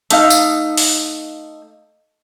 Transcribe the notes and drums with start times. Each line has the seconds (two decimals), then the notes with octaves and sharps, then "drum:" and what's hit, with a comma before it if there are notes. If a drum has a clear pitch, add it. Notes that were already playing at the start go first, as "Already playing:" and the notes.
0.10 A3 D#4 F5, drum: hi-hat
0.30 drum: tambourine
0.77 drum: open hi-hat